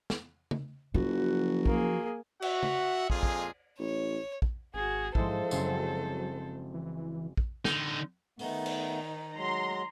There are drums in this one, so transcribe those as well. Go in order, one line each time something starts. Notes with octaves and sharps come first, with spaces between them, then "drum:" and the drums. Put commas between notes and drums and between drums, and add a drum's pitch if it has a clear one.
drum: snare
drum: tom C#3
F#1 F3 F#4
A#3 G#4, drum: kick
F#4 E5 F#5, drum: cymbal
drum: tom C#3
F2 A#2 G#3 F4 G#4, drum: kick
drum: kick
A1 C#5
drum: kick
G#1 F#4 G#4
G#2 F3 G#3 E4 A4 C5, drum: kick
F#1 F#3 C4 C7, drum: tambourine
E3
drum: kick
D3 D#4, drum: snare
D#3 A3 B3 D#4, drum: open hi-hat
drum: cymbal
F#3 G#3 A#5 C6